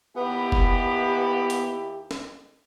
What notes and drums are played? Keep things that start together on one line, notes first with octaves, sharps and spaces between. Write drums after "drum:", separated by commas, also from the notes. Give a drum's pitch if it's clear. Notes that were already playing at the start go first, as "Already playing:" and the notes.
D#2 B3 E4 G4
drum: kick
drum: hi-hat
drum: snare